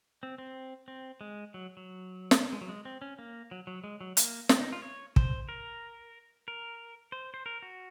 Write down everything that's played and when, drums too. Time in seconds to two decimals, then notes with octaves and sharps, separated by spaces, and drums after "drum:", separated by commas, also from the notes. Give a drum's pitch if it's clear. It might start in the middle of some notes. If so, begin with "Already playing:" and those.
0.23 C4
0.38 C4
0.88 C4
1.21 G#3
1.54 F#3
1.77 F#3
2.31 drum: snare
2.53 G#3
2.61 F#3
2.69 G#3
2.85 C4
3.02 C#4
3.19 A#3
3.51 F#3
3.67 F#3
3.84 G#3
4.01 F#3
4.17 A#3, drum: hi-hat
4.49 C4, drum: snare
4.61 D#4
4.72 F4
4.82 C#5
5.16 C5, drum: kick
5.49 A#4
6.48 A#4
7.12 C5
7.34 C5
7.46 A#4
7.62 F#4